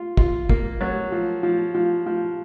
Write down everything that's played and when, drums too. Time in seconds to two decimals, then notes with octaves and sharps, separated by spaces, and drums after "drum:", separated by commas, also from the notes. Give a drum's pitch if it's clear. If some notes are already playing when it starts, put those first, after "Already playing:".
Already playing: F4
0.17 F4, drum: kick
0.49 A#3, drum: kick
0.81 F#3
1.12 F3
1.43 F3
1.74 F3
2.06 F3